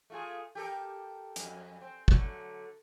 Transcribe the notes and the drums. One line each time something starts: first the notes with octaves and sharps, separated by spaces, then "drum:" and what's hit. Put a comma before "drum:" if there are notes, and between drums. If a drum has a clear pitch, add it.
A3 F4 G#4
G4 A4 A#4
F2, drum: hi-hat
C4
D3 F#3 A3, drum: kick